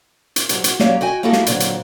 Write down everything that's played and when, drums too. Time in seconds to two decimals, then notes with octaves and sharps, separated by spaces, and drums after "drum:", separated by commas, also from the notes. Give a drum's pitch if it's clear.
0.36 drum: hi-hat
0.49 G#2 F#3 G3, drum: hi-hat
0.64 F#4, drum: hi-hat
0.80 F#3 A#3 C#4 G4 C#5 D5, drum: snare
1.01 F#4 D#5 G5 G#5
1.23 A#3 E4 F#4 G4 A4 D#5
1.33 drum: snare
1.46 A#2 D3 F#3 C4, drum: hi-hat
1.60 drum: hi-hat